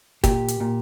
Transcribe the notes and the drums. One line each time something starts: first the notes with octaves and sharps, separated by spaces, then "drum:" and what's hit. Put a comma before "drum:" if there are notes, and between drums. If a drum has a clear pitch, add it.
A#2 G4, drum: kick, hi-hat
drum: hi-hat
A#2